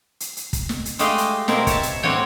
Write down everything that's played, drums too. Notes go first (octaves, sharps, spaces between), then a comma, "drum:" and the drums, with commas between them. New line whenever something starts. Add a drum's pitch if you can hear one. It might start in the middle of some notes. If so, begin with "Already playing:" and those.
drum: hi-hat
drum: hi-hat
drum: kick, hi-hat
drum: snare
drum: hi-hat
G#3 A3 G4 D#5 F5 G5, drum: hi-hat
drum: hi-hat
B2 A#3 C4 E4 A#4, drum: snare
C#5 E5 A5, drum: kick, hi-hat
drum: hi-hat
A2 G3 C4 F#4 C#5 G5